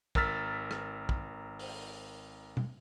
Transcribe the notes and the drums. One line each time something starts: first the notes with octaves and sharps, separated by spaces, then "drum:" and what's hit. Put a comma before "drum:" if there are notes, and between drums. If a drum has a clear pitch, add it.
G#1 A#4 E6 F6 A6 B6, drum: kick
drum: rim click
drum: kick
drum: open hi-hat
drum: tom B2